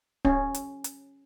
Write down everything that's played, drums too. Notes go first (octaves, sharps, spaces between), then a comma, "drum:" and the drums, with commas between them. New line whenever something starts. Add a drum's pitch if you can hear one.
C#4, drum: kick D1
drum: hi-hat
drum: hi-hat